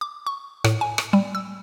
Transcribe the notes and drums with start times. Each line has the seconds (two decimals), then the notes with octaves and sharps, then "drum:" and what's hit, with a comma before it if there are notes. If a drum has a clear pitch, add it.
0.01 D6
0.27 C#6
0.64 A2, drum: rim click
0.81 G#5
0.98 drum: rim click
1.13 G3
1.35 E6